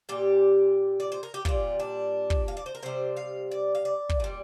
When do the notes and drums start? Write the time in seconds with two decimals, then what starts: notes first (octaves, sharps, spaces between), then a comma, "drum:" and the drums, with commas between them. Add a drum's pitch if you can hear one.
0.09 A#2 G3 G4
1.00 D5
1.12 C5
1.23 A#4
1.34 G4
1.45 A#2 G3 F4, drum: kick
1.80 D4
2.30 drum: kick
2.48 F5
2.57 D5
2.66 C5
2.75 A#4
2.83 C3 G3 C5
3.17 F5
3.51 D5
3.75 F5
3.85 D5
4.09 drum: kick
4.20 A#2 G3